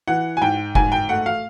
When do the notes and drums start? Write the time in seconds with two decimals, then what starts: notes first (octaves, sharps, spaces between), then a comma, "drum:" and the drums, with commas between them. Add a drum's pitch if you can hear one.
0.08 E3 F#5
0.37 G#5
0.41 G#2 G5
0.75 G#2 G#5, drum: kick F1
0.92 G5
1.09 A3 F#5
1.26 F5